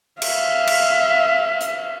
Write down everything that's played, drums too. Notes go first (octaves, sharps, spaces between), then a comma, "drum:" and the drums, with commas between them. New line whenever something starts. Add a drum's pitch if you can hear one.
E5 F5, drum: cymbal
drum: cymbal
drum: hi-hat